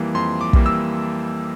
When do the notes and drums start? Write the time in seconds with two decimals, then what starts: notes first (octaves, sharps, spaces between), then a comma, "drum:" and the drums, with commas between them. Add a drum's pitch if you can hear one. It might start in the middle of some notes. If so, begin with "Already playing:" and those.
Already playing: F2 E3 G3 A#3
0.14 F2 C6
0.41 D6
0.53 E3 G3 A#3, drum: kick
0.66 E6